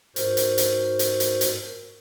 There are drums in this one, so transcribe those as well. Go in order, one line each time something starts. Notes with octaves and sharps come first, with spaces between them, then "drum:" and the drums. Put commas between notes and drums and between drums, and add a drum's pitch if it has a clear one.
G#2 F#4 A#4 C5, drum: hi-hat
drum: hi-hat
drum: hi-hat
drum: hi-hat
drum: hi-hat
drum: hi-hat